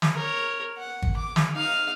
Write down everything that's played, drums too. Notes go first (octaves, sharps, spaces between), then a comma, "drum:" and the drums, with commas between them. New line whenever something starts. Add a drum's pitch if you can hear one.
drum: snare
A#4 C#5
F#5
drum: kick G#1
D6
drum: snare
D#4 F5